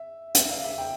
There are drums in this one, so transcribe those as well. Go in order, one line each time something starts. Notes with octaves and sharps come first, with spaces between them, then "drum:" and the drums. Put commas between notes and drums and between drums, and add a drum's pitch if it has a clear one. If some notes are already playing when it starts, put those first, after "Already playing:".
Already playing: E5
E5, drum: hi-hat
F5
E5
G5